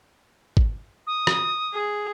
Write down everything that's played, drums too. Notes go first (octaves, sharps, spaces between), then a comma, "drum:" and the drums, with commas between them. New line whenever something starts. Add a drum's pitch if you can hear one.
drum: kick G#1
D#6
drum: rim click
G#4